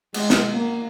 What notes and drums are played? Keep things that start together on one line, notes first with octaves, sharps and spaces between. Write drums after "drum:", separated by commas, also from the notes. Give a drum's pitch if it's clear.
G#3, drum: cymbal
drum: snare
A#3